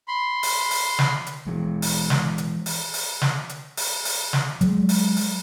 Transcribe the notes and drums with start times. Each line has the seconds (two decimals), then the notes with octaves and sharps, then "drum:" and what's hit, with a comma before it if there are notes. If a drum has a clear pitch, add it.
0.08 B5 C6
0.43 drum: open hi-hat
0.71 drum: open hi-hat
0.99 drum: snare
1.26 drum: hi-hat
1.47 E3 G#3
1.82 drum: open hi-hat
2.10 drum: snare
2.38 drum: hi-hat
2.66 drum: open hi-hat
2.94 drum: open hi-hat
3.22 drum: snare
3.49 drum: hi-hat
3.77 drum: open hi-hat
4.05 drum: open hi-hat
4.33 drum: snare
4.61 F#3 G#3, drum: hi-hat
4.89 drum: open hi-hat
5.17 drum: open hi-hat